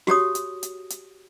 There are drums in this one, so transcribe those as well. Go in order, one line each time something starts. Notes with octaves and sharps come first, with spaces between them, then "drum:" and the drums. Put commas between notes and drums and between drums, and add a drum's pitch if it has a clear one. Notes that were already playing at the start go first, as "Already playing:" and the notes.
F#4 G4 C#5 D#6, drum: snare
drum: hi-hat
drum: hi-hat
drum: hi-hat